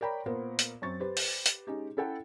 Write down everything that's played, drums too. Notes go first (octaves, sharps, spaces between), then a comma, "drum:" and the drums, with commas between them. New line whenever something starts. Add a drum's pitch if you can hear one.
A#4 C#5 D5 G5 A#5 B5
A#2 B3 F4 A#4 C5
drum: hi-hat
F#2 C4 C#6 A6
G4 B4 C5
drum: open hi-hat
drum: hi-hat
G#3 C#4 D#4 G4
C#4 E4 A4 F#5 G5